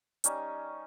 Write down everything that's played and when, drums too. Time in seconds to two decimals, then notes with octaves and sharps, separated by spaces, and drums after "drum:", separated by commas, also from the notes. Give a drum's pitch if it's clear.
0.24 G3 C#4 D#4, drum: hi-hat